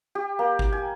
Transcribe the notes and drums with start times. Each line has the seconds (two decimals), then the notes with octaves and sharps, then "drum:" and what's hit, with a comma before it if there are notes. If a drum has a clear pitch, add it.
0.15 G4
0.39 A#3
0.59 drum: kick G1
0.72 G#5